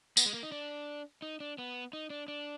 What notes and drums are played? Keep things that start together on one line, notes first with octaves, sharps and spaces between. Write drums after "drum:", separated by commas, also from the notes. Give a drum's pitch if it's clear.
B3, drum: tambourine
G#3
A#3
D#4
D4
D#4
D4
B3
D#4
D4
D4